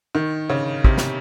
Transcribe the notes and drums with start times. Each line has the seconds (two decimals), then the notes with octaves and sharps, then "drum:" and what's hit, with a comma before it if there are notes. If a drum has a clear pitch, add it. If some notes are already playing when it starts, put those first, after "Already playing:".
0.15 D#3
0.49 C#3
0.84 C3, drum: kick
0.98 drum: snare